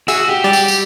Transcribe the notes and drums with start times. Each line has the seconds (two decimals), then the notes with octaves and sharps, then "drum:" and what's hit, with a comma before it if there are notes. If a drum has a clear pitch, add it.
0.08 F#4 G#4 E5 E6, drum: tambourine
0.29 G4
0.44 G3 D5 A6
0.53 drum: tambourine
0.68 drum: tambourine